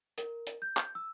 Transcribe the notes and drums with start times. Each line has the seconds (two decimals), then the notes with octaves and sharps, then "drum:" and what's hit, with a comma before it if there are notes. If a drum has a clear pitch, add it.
0.18 A#4, drum: hi-hat
0.47 drum: hi-hat
0.62 G6
0.77 drum: clap
0.95 E6